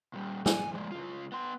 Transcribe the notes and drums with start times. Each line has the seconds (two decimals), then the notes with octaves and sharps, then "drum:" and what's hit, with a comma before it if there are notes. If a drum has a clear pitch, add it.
0.14 A#2 G3
0.46 G#5, drum: snare
0.73 F3 G#3
0.92 C#2 F4
1.32 B3 C6